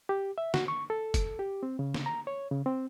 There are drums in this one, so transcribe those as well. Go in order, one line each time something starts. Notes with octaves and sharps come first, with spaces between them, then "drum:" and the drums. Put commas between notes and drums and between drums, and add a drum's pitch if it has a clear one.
G4
E5
F#4, drum: snare
C#6
A4
drum: kick, hi-hat
G4
C4
C#3
drum: snare
A#5
C#5
C#3
C4